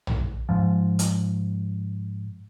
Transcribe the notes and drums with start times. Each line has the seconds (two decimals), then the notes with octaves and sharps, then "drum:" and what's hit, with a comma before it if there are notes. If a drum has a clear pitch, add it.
0.07 drum: tom A#1
0.49 G#2 F3
0.99 drum: hi-hat